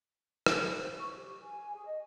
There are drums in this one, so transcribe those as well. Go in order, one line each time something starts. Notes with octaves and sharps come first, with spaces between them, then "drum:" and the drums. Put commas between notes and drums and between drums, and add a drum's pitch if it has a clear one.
drum: rim click
C5
C#6
G4
G#5
G#4
D#5